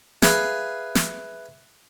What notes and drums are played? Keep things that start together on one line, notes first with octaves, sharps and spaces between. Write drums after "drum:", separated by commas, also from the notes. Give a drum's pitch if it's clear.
G#4 B4 E5 F5 F#6, drum: snare
drum: snare